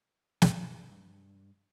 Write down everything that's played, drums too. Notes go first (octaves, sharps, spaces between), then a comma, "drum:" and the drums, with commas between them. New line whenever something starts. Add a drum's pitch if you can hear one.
G2, drum: snare